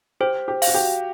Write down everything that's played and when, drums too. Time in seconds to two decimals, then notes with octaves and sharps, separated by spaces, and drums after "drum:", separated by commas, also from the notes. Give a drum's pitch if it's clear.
0.20 G4 C5
0.48 G4
0.62 F5, drum: open hi-hat
0.67 F#4
0.74 G4